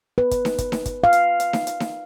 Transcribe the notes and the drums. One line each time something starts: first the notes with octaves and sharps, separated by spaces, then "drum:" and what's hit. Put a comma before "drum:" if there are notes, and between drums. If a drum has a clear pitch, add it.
B4
drum: kick, hi-hat
drum: snare D#4
drum: kick, hi-hat
drum: snare D#4
drum: kick, hi-hat
F5
drum: hi-hat
drum: hi-hat
drum: snare D#4
drum: hi-hat
drum: snare D#4